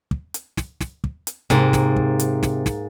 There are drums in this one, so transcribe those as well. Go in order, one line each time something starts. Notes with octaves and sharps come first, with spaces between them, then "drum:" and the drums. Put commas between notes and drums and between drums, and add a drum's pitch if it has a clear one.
drum: kick
drum: hi-hat
drum: snare
drum: snare
drum: kick
drum: hi-hat
G#2 C3 A#3, drum: snare
drum: snare
drum: kick
drum: hi-hat
drum: snare
drum: snare